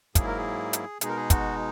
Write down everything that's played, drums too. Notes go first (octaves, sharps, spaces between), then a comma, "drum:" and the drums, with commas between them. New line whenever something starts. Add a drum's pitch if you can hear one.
G#2 F#3 A#3 E4 G#4, drum: kick, hi-hat
A#4
G#4
drum: hi-hat
B2 G#3 D#4 G#4, drum: hi-hat
A#4
G#4
F#4, drum: kick, hi-hat